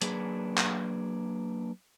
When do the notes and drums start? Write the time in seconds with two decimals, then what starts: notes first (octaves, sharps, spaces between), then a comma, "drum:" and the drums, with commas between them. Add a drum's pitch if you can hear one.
0.02 F#3 A#3 D4 G#4 B4, drum: hi-hat
0.58 drum: clap